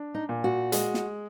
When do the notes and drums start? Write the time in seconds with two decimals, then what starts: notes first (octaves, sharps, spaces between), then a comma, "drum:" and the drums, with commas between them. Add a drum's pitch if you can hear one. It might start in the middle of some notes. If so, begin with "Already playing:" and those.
Already playing: D4
0.14 D#4
0.29 A#2
0.44 F#4
0.72 G#3, drum: hi-hat
0.94 drum: snare